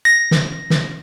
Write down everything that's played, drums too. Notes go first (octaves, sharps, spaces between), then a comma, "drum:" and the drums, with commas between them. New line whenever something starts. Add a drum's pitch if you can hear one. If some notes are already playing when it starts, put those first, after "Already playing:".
A#6
drum: snare
drum: snare